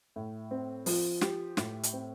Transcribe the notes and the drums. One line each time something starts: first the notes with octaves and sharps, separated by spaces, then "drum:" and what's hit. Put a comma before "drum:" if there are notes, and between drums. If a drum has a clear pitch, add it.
A2
C4
F3, drum: open hi-hat
G4, drum: snare
A2, drum: snare
drum: hi-hat
C4